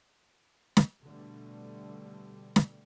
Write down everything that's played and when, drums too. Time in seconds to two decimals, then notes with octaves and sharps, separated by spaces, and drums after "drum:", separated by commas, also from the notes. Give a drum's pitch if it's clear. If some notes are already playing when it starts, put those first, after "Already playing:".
0.77 drum: snare
1.02 B2 D3 G3 A3
2.56 drum: snare